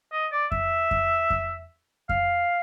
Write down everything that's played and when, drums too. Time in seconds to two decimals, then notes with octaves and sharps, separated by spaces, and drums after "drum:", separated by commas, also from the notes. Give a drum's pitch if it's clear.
0.13 D#5
0.32 D5
0.52 E5, drum: kick F2
0.91 drum: kick F2
1.30 drum: kick F2
2.09 F5, drum: kick F2